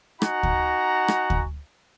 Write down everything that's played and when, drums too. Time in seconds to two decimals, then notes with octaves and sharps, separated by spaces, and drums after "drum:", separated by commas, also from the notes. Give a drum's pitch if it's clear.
0.22 D#4 F#4 F#5 G#5 A#5, drum: rim click
0.43 drum: kick D2
1.08 drum: rim click
1.30 drum: kick D2